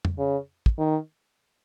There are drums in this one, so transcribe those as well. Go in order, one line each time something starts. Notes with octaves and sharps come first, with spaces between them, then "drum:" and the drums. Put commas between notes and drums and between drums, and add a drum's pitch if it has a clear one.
drum: tom F2
C#3
drum: kick
D#3